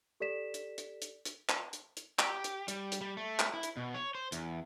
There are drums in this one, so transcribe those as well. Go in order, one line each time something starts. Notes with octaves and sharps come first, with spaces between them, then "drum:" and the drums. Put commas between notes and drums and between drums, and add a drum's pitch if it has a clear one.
G4 A4 D5 B6 E7
drum: hi-hat
drum: hi-hat
drum: hi-hat
drum: hi-hat
drum: clap
drum: hi-hat
drum: hi-hat
G4, drum: clap
drum: hi-hat
G3, drum: hi-hat
drum: hi-hat
G3
A3
drum: clap
E4
drum: hi-hat
B2
C#5
C5
E2, drum: hi-hat